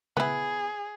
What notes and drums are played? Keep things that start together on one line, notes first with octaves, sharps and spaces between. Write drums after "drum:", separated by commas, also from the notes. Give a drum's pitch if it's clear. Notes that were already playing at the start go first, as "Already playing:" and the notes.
B3 E4 G#4, drum: tom C#3